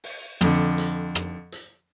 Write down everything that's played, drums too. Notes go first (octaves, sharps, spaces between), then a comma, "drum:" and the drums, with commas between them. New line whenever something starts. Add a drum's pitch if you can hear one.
drum: open hi-hat
F2 D3, drum: rim click
drum: hi-hat
drum: rim click
drum: hi-hat